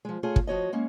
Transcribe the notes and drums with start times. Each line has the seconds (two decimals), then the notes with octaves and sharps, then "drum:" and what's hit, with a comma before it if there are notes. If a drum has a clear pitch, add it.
0.05 F3 G#3
0.23 A3 F4 G#4 C#5
0.36 drum: kick
0.47 F3 F#4 C#5 D#5
0.72 G#3 A#3 C#4